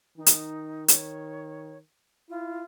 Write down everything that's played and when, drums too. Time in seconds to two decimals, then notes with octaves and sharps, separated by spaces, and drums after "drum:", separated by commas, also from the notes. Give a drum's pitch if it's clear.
0.17 D#3 D#4
0.26 drum: hi-hat
0.88 C#5, drum: hi-hat
2.30 E4 F4